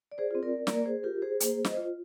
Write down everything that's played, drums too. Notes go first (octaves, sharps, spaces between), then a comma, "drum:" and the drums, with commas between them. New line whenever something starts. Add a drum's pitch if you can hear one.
D5
G#4 C5
C4 F4
A#4 D5
A#3 A#4 D5, drum: snare
G#4 C5
F4 G4 A#4
G#4 C5
A#3 G#4 C5, drum: hi-hat
C5 D#5, drum: snare
F4